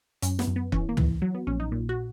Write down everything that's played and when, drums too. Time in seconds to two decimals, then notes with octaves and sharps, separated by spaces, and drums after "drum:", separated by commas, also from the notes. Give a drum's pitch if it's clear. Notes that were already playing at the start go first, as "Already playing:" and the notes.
0.22 F#2 C#4, drum: hi-hat
0.39 B3, drum: snare
0.47 F#2
0.56 B3
0.72 E3 C#4, drum: kick
0.89 A#3
0.97 E3, drum: tom
1.22 F#3
1.34 B3
1.47 A#1 C#4
1.60 D#4
1.72 A#2
1.89 F#4